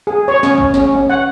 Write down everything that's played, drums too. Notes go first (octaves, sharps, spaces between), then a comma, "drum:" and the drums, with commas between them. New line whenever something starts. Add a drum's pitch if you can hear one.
G#4
C#5
C#4, drum: snare
drum: kick
C#4, drum: snare
C#4
F#5